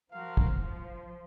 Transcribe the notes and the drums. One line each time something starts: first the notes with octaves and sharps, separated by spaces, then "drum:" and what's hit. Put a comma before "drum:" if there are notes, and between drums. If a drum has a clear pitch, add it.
F3 F#4 A#4 F5
drum: kick
F3